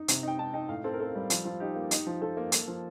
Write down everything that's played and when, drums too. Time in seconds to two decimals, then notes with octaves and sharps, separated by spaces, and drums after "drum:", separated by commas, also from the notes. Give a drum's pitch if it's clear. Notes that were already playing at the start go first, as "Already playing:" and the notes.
Already playing: D#4
0.08 C3, drum: hi-hat
0.23 D#4 G5
0.38 D#4 A5
0.54 D#4 G5
0.69 A2 F5
0.84 C4 A4
0.93 A#4
1.00 C4 A4
1.15 G3
1.30 F3, drum: hi-hat
1.45 F3
1.60 D#4 G4
1.76 A#3
1.91 D#4, drum: hi-hat
2.07 F3
2.22 F3 A4
2.37 A#3
2.52 A#3, drum: hi-hat
2.68 F3